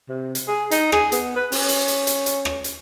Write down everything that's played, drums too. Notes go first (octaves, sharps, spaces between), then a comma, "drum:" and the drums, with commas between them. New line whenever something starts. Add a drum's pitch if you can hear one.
C3
drum: hi-hat
G#4
D#4, drum: hi-hat
G#4, drum: rim click
B3, drum: hi-hat
B4
C#4, drum: open hi-hat
drum: hi-hat
drum: hi-hat
drum: hi-hat
drum: hi-hat
drum: rim click
drum: hi-hat